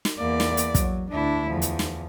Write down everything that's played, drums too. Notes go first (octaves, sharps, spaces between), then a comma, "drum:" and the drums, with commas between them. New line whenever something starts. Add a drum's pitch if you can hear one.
drum: snare
E2 A#3 D5
drum: snare
drum: hi-hat
F#3, drum: kick, hi-hat
D2 D4 E4
E2 F3
drum: hi-hat
drum: snare